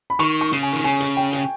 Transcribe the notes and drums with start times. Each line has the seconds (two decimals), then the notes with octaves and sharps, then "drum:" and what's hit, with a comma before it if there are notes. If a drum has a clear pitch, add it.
0.10 B5
0.19 D#3 C#6, drum: hi-hat
0.41 C#6
0.52 C#3, drum: hi-hat
0.63 G#5
0.73 D#3
0.84 C#3 G#5
1.00 drum: hi-hat
1.17 G5
1.33 drum: hi-hat